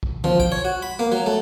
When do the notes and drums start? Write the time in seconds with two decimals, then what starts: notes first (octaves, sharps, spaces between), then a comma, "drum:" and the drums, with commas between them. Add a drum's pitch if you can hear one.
0.03 drum: kick
0.24 F3, drum: tom D3
0.40 G5, drum: kick
0.52 C#5
0.65 F#4
0.82 B5
0.99 A#3
1.12 F#3
1.26 A3